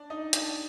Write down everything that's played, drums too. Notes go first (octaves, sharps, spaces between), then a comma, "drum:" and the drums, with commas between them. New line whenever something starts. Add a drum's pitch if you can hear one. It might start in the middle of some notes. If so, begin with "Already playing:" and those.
Already playing: D4 D5
D#4 D#5
D4 D5, drum: hi-hat